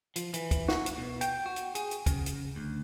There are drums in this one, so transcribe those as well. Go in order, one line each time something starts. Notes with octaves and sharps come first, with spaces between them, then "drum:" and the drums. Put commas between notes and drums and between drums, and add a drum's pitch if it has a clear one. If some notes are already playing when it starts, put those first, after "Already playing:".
F3, drum: hi-hat
E3, drum: hi-hat
drum: kick, hi-hat
F#4, drum: snare
drum: hi-hat
B2
G5, drum: hi-hat
F#4
drum: hi-hat
G#4, drum: hi-hat
drum: hi-hat
C#3, drum: kick, hi-hat
drum: hi-hat
D2